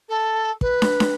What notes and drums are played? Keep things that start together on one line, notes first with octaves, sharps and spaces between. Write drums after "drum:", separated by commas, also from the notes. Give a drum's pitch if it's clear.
A4
B4, drum: kick
drum: snare
drum: snare